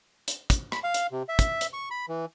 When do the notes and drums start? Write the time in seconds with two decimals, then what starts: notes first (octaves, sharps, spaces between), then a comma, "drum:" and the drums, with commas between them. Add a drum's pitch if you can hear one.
0.28 drum: hi-hat
0.50 drum: kick, hi-hat
0.72 B5, drum: rim click
0.84 F5
0.94 drum: hi-hat
1.11 C3
1.29 E5
1.39 drum: kick, hi-hat
1.61 drum: hi-hat
1.73 C#6
1.91 B5
2.09 E3